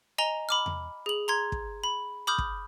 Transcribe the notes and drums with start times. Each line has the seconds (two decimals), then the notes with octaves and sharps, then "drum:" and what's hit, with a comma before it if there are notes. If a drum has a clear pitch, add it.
0.18 D#5 G#5 A#5 F7 G7
0.49 B5 D6 F6
0.66 drum: tom E2
1.06 G#4 F#7
1.28 A#5 C6 G#6
1.52 drum: kick
1.84 B5
2.27 B5 D6 D#6 F6 G6
2.38 drum: kick